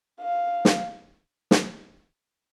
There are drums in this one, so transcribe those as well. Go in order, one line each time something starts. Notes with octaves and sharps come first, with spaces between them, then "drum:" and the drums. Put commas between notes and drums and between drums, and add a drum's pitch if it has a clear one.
F5
drum: snare
drum: snare